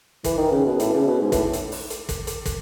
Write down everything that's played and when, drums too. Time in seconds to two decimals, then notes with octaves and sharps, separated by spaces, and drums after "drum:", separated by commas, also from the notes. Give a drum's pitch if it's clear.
0.24 E3, drum: kick, hi-hat
0.38 D#3
0.52 C#3
0.66 B2
0.80 A2, drum: hi-hat
0.93 C#3
1.07 B2
1.21 G#2
1.32 A2, drum: kick, hi-hat
1.53 drum: hi-hat
1.72 drum: open hi-hat
1.90 drum: hi-hat
2.09 drum: kick, hi-hat
2.27 drum: hi-hat
2.46 drum: kick, hi-hat